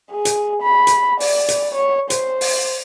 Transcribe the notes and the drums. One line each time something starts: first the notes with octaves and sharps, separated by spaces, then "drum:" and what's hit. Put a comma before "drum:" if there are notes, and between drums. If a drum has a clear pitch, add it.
G#4
drum: hi-hat
B5
drum: hi-hat
D5, drum: open hi-hat
drum: hi-hat
C#5
C5, drum: hi-hat
drum: open hi-hat